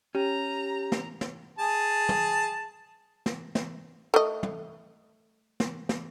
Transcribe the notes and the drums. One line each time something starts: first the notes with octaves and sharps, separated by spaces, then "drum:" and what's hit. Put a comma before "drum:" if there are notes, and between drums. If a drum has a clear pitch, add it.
C#4 G4 A#5
drum: snare
drum: snare
G#4 A5
drum: tom
drum: snare
drum: snare
A3 D#5
drum: tom
drum: snare
drum: snare